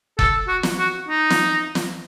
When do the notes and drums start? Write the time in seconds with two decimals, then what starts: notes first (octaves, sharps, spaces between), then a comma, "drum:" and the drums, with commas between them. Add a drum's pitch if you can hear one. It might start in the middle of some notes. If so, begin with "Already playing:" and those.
0.19 A4, drum: kick F1
0.48 F#4
0.63 drum: snare
0.79 F#4
1.09 D#4
1.30 drum: snare
1.75 drum: snare